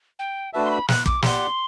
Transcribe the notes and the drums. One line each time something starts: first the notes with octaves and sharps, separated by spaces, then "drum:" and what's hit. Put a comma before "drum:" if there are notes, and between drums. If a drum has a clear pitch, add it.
G5
A3 D4 F#4 B4 E5 A5
C6
B5
F#6, drum: snare
D6, drum: kick
G4 D5 F#5 C6, drum: snare